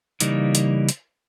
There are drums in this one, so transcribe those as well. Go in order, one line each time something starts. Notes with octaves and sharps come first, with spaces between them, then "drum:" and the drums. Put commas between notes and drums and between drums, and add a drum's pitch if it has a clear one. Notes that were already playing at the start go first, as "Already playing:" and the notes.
C#3 E3 G3 A#3 D#4, drum: hi-hat
drum: hi-hat
drum: hi-hat